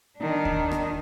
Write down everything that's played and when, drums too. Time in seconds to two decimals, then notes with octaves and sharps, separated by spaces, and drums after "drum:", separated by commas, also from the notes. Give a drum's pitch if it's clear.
0.19 D#3 D4
0.45 drum: kick D#2
0.71 drum: rim click